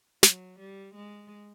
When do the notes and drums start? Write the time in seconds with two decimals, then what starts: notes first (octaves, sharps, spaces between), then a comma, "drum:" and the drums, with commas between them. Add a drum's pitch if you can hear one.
0.23 F#3, drum: snare
0.59 G3
0.95 G#3